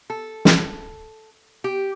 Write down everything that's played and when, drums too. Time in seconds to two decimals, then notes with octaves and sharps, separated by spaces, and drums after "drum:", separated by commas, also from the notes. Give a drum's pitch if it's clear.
0.10 A4
0.45 drum: snare
1.64 G4